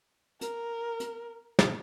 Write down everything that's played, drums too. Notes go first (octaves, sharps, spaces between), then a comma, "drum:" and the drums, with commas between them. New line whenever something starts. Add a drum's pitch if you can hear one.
A#4, drum: hi-hat
drum: hi-hat
drum: snare